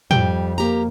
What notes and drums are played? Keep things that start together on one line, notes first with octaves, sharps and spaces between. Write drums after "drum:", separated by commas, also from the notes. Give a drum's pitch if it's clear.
F2 G3 G5, drum: tom
A#3 G4 A#5